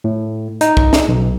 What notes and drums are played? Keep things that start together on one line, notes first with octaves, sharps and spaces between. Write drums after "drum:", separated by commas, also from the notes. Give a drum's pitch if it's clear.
A2
D#4, drum: hi-hat
drum: kick
drum: snare
B1